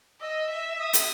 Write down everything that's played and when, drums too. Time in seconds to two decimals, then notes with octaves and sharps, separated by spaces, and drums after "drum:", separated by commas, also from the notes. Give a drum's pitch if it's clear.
0.21 D#5 E6
0.50 E5
0.79 D#6
0.93 drum: hi-hat